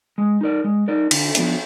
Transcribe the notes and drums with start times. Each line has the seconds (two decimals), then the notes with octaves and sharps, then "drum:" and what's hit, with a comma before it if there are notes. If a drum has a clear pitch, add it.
0.18 G#3
0.41 D#4 A#4 D5
0.64 G#3
0.88 D#4 A#4 D5
1.11 D3, drum: cymbal
1.35 F3 B3 D4, drum: hi-hat